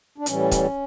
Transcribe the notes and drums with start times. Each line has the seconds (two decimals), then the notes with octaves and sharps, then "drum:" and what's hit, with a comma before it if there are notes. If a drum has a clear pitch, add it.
0.18 D4
0.26 A2 E3 G3 C#4, drum: hi-hat
0.51 drum: kick C#1, hi-hat